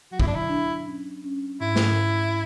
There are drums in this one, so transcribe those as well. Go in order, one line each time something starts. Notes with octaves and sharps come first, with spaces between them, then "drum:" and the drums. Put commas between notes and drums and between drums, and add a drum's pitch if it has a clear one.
F#3 F#4
E4, drum: kick
D4
E4
D4
C#4
C#4
G#2 E4
drum: snare
G#2